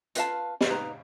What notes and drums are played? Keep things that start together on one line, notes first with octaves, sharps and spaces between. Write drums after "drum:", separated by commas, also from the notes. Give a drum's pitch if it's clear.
F4 B4 F5 A5, drum: hi-hat
drum: snare
D#4 B4 A#5